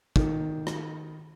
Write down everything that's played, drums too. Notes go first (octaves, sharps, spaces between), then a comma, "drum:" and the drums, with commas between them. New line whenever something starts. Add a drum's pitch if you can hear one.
D#3, drum: kick
drum: rim click